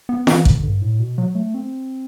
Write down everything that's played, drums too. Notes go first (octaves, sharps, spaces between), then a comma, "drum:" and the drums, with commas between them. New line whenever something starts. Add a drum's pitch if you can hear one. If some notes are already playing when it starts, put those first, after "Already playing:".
B3
E3, drum: snare
D3, drum: kick
G2
A2
B2
F#3
A3
C4